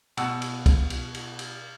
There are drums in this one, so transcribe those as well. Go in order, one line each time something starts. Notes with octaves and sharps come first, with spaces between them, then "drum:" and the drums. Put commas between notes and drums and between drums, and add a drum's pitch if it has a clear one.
B2 F#5 E6, drum: cymbal
drum: cymbal
drum: kick, cymbal
drum: cymbal
drum: cymbal
drum: cymbal